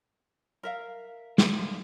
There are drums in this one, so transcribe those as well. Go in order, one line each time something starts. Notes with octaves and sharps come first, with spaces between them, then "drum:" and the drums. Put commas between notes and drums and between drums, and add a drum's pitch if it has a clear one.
A#4 E5 F5
D3 F3, drum: snare